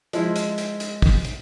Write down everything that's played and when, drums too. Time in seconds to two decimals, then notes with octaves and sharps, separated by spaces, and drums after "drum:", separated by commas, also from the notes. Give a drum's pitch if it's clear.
0.13 F3 G#3 E4, drum: hi-hat
0.36 drum: hi-hat
0.58 drum: hi-hat
0.80 drum: hi-hat
1.02 drum: kick, open hi-hat
1.25 drum: hi-hat